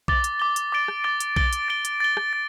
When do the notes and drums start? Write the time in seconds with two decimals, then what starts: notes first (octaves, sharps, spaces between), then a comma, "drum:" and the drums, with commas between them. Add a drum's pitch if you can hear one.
0.08 D6 A6 G7, drum: kick B1
0.24 drum: hi-hat
0.40 D6 A6 G7
0.56 drum: hi-hat
0.72 D6 A6 D7 G7
0.88 drum: rim click
1.04 D6 A6 D7 G7
1.20 drum: hi-hat
1.36 A6 D7 G7, drum: kick B1
1.53 drum: hi-hat
1.68 A6 D7 G7
1.85 drum: hi-hat
2.00 A6 G7
2.17 drum: rim click
2.33 A6